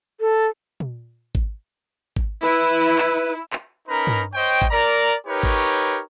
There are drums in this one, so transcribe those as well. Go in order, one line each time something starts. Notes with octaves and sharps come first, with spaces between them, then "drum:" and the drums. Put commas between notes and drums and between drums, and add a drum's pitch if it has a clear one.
A4
drum: tom A#2
drum: kick G#1
drum: kick G#1
E4 B4
drum: clap
drum: clap
C#4 D#4 A#4 B4 A#5 B5
drum: tom
C5 C#5 D#5 G5
drum: kick G#1
A#4 D5 A#5
D#4 G4 A#4 B4 C#5
drum: kick G#1